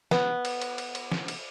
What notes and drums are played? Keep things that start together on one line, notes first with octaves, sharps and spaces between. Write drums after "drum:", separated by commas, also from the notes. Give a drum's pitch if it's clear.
B3, drum: snare
drum: cymbal
drum: cymbal
drum: cymbal
drum: cymbal
drum: snare
drum: cymbal